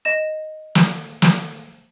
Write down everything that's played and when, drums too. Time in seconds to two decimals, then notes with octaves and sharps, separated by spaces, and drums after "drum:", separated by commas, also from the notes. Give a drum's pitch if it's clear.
0.05 D#5 A#6 E7
0.75 drum: snare
1.22 drum: snare